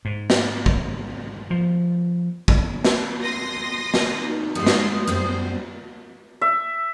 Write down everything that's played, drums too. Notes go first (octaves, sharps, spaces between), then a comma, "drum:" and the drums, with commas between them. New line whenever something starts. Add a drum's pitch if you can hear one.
G#2
drum: snare
drum: kick
F3
drum: kick
drum: snare
C6 D#6 A#6
drum: snare
D#4
G#2 G3 A3 C6 D#6
drum: snare
F#2 G3 B3 C5
E5